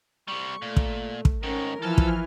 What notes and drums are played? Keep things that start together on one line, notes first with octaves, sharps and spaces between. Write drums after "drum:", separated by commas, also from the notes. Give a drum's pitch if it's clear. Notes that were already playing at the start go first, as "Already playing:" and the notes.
C3 G3 C#6
A#2 A3
drum: kick
drum: kick
G#2 D#3 C#4 A#4
E3 F3 A4 G#5 A5 F6
drum: kick